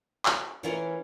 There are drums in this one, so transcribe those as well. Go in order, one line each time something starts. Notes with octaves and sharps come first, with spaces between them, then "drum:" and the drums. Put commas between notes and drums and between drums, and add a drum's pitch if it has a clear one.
drum: clap
E3 C#4 F4 A#4